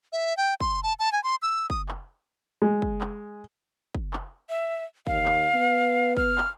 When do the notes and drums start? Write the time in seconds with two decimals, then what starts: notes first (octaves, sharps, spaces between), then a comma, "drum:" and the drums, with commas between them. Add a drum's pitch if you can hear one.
0.13 E5
0.37 G5
0.60 C6, drum: kick
0.83 A5
0.99 A5
1.12 G#5
1.24 C6
1.42 E6
1.70 D#6, drum: kick
1.89 drum: clap
2.62 G#3
2.82 drum: kick
3.01 drum: clap
3.95 drum: kick
4.13 drum: clap
4.49 E5
5.07 D#2 F5, drum: kick
5.26 drum: clap
5.54 B3
6.17 F6, drum: kick
6.38 drum: clap